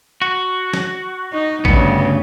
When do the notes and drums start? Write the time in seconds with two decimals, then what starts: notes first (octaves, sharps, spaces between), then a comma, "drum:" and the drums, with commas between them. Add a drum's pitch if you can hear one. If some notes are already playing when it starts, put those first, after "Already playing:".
0.22 F#4
0.74 drum: snare
1.33 D#4
1.65 D2 G2 C#3 B3, drum: kick